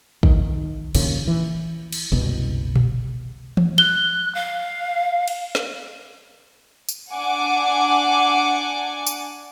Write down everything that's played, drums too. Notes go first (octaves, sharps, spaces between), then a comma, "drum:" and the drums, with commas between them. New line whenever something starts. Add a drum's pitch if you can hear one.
D#3, drum: kick
A#1 D#2 A#2 C#3, drum: cymbal
E3
drum: cymbal
F#1 C2 B2
drum: tom A#2
drum: tom E3
F#6 G7
F5
drum: cymbal
drum: snare
drum: tambourine
D4 F#5 G#5 D6
drum: tambourine